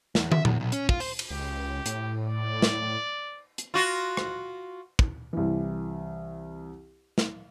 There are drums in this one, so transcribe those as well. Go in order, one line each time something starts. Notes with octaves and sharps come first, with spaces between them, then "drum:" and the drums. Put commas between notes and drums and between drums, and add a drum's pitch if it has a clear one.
E2, drum: snare
E5, drum: tom
E2, drum: tom A#2
B1
C#4, drum: hi-hat
F4, drum: kick
C5, drum: open hi-hat
drum: cymbal
C#2 G4
A2, drum: hi-hat
D5
drum: snare
drum: hi-hat
F4 F#4
drum: rim click
drum: kick
C2 E3
drum: snare